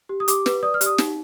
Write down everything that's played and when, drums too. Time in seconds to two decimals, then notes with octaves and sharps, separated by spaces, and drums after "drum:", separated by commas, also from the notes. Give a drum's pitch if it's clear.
0.09 G4
0.20 D#6
0.28 G4 D6, drum: hi-hat
0.46 B4, drum: snare
0.63 D5 D#6
0.74 F6
0.81 G4, drum: hi-hat
0.86 D#6
0.98 D#4, drum: snare